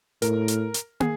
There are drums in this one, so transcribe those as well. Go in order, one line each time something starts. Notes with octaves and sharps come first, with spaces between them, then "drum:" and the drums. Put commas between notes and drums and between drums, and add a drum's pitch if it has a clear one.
A2 A#4, drum: hi-hat
drum: hi-hat
drum: hi-hat
G#4, drum: tom